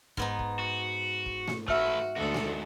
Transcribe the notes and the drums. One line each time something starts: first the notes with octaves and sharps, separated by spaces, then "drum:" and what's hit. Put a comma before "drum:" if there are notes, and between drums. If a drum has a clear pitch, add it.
G#2 B3 D#4, drum: kick
drum: kick
F#4
drum: kick
drum: snare A3
A3 F#4 B4 E5 F6, drum: kick
D2 G#2 F#4 A4
drum: snare A3